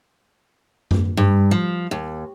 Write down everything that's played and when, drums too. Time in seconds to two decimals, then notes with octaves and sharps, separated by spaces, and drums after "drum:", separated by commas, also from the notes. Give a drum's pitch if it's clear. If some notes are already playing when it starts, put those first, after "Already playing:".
0.91 drum: tom F#2
1.17 G2
1.51 F3
1.91 D#2